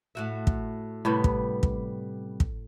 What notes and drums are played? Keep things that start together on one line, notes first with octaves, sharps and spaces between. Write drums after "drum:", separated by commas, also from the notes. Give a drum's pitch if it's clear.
A2 F#4 E5
drum: kick
A2 C3 G3 B3
drum: kick
drum: kick
drum: kick